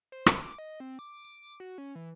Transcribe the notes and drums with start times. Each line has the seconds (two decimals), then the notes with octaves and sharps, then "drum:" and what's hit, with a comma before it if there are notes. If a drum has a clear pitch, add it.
0.12 C5
0.26 drum: rim click
0.42 D6
0.58 D#5
0.80 C4
0.99 D6
1.25 D6
1.60 F#4
1.78 C#4
1.96 E3